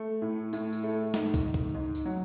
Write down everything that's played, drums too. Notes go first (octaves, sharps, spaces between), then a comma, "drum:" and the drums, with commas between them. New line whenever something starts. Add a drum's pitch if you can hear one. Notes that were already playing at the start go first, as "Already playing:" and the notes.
Already playing: A3
A2
A2, drum: tambourine
drum: tambourine
A3
G#2, drum: snare
drum: kick, tambourine
G#2
drum: kick, tambourine
G#2
drum: tambourine
F#3